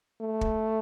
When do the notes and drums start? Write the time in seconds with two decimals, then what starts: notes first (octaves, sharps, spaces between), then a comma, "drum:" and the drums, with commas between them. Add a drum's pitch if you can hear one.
0.21 A3
0.41 drum: kick